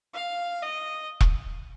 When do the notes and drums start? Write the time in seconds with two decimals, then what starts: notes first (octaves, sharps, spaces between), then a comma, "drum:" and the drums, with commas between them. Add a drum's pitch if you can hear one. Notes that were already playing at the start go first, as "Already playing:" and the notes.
0.14 F5
0.62 D#5
1.21 drum: kick E1